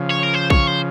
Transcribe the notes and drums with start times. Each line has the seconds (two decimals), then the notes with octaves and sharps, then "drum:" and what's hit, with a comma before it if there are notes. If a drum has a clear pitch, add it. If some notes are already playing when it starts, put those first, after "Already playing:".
Already playing: C#3 F3
0.10 C#5
0.23 A#4
0.34 C5
0.50 C#5, drum: kick A#1
0.67 C5